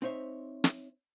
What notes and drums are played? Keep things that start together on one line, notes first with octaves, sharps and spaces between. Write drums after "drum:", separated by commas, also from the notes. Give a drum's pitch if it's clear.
C4 D#4 C5 C#5 E5
drum: snare